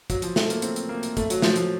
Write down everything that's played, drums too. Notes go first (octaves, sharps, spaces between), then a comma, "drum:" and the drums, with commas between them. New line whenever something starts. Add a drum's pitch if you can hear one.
F#3, drum: kick, hi-hat
F3, drum: hi-hat
A3, drum: snare
A#3, drum: hi-hat
C4, drum: hi-hat
drum: hi-hat
A#3
drum: hi-hat
A3, drum: kick, hi-hat
F#3, drum: hi-hat
F3, drum: snare
F3, drum: hi-hat